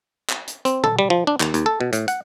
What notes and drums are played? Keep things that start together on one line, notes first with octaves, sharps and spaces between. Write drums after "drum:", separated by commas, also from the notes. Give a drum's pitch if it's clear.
drum: clap
drum: hi-hat
C4, drum: hi-hat
A4, drum: tom A#2
G3
F3
D4
D#2, drum: clap
D#2, drum: hi-hat
A4
B2
A2, drum: hi-hat
F#5, drum: hi-hat